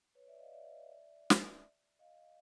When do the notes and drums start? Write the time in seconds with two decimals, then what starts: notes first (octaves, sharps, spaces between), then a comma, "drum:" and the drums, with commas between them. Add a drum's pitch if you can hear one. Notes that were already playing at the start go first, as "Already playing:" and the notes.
0.15 B4 C#5
0.27 D5 E5
0.39 D#5 F5
0.52 D5 E5
1.30 drum: snare
1.99 D#5 F5